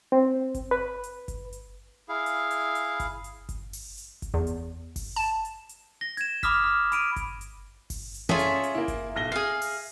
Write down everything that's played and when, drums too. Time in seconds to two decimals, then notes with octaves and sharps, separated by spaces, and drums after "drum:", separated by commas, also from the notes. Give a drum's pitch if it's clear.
0.12 C4
0.55 drum: kick G1, hi-hat
0.71 B4
1.04 drum: hi-hat
1.28 drum: kick G1, hi-hat
1.53 drum: hi-hat
2.09 E4 G#4 F5
2.26 drum: hi-hat
2.51 drum: hi-hat
2.75 drum: hi-hat
3.00 drum: kick G1, hi-hat
3.24 drum: hi-hat
3.49 drum: kick G1, hi-hat
3.73 drum: open hi-hat
3.98 drum: hi-hat
4.22 drum: kick G1, hi-hat
4.34 E2
4.47 drum: hi-hat
4.96 drum: kick G1, open hi-hat
5.16 A5
5.45 drum: hi-hat
5.69 drum: hi-hat
6.01 A#6 G7
6.17 G#6 E7, drum: hi-hat
6.43 B5 D6 D#6 F6 B6, drum: kick G1, hi-hat
6.63 B5 F6
6.92 B5 D7 D#7, drum: hi-hat
7.16 drum: kick G1, hi-hat
7.41 drum: hi-hat
7.90 drum: kick G1, open hi-hat
8.14 drum: hi-hat
8.29 C#4 F4 G#4 A4 E5
8.39 drum: hi-hat
8.63 drum: hi-hat
8.75 A#3 E4
8.88 drum: kick G1, hi-hat
9.16 B1 A#6 G7
9.32 G#4 F5 C7
9.62 drum: open hi-hat